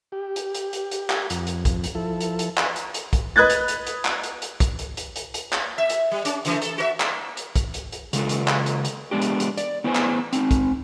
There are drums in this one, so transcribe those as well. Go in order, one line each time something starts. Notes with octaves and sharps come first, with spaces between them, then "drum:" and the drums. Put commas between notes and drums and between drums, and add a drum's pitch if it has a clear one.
G4
drum: hi-hat
drum: hi-hat
drum: hi-hat
drum: hi-hat
drum: clap
F2, drum: hi-hat
drum: hi-hat
drum: kick, hi-hat
drum: hi-hat
F3 E4 A4
drum: hi-hat
drum: hi-hat
drum: clap
drum: hi-hat
drum: hi-hat
drum: kick, hi-hat
B4 D#5 F#6 G#6 A6
drum: hi-hat
drum: hi-hat
drum: hi-hat
drum: clap
drum: hi-hat
drum: hi-hat
drum: kick, hi-hat
drum: hi-hat
drum: hi-hat
drum: hi-hat
drum: hi-hat
drum: clap
E5
drum: hi-hat
G3
C#4, drum: hi-hat
C#3 E3 A3, drum: hi-hat
A4, drum: hi-hat
F#4 A#4 E5
drum: clap
drum: hi-hat
drum: kick, hi-hat
drum: hi-hat
drum: hi-hat
C#3 G#3 F4 A4, drum: hi-hat
drum: hi-hat
drum: clap
drum: hi-hat
drum: hi-hat
G#3 B3 D4 G4
drum: hi-hat
drum: hi-hat
D5, drum: hi-hat
B3 E4 B4 C5 G#5
drum: clap
C4 D#4, drum: hi-hat
drum: kick, hi-hat